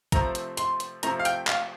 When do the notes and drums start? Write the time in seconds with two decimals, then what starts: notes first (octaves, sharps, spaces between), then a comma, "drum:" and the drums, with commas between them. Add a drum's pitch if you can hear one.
0.12 C3 F3 A3 C4 A#5, drum: kick, hi-hat
0.35 drum: hi-hat
0.57 C6, drum: hi-hat
0.80 drum: hi-hat
1.03 C3 F3 A3 C4 A#5, drum: hi-hat
1.19 F5
1.25 G5, drum: hi-hat
1.47 F5, drum: clap